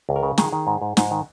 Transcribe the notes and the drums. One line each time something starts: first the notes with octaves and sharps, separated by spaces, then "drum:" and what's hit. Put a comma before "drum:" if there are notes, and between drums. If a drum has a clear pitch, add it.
C#2
A#4
C#3
D#3 G#4, drum: snare
D#3
G#2
G#2
G#2, drum: snare
D#3